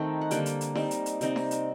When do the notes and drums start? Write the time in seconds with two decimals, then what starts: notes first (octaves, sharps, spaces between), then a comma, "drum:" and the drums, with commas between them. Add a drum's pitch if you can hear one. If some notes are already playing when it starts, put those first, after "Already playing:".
Already playing: D#3 A3 C4 D#4 G5
0.21 F#5
0.31 D3 G3 A#3 G5, drum: hi-hat
0.46 drum: hi-hat
0.61 drum: hi-hat
0.75 G3 C4 D#4, drum: snare D#4
0.91 drum: hi-hat
1.06 drum: hi-hat
1.21 C3 G3 C4 D#4, drum: hi-hat
1.36 drum: snare D#4
1.51 drum: hi-hat